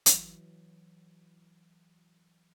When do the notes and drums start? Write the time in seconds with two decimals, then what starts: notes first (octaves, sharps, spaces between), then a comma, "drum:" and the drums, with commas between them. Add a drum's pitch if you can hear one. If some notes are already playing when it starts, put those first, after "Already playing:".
0.06 E3 F#3, drum: hi-hat